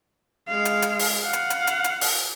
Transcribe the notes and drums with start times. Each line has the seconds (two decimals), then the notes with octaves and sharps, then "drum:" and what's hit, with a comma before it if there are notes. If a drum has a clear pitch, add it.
0.48 G#3 F5
0.65 drum: hi-hat
0.82 drum: hi-hat
0.99 drum: open hi-hat
1.23 F5 F#5
1.33 drum: hi-hat
1.50 drum: hi-hat
1.67 drum: hi-hat
1.84 drum: hi-hat
2.01 drum: open hi-hat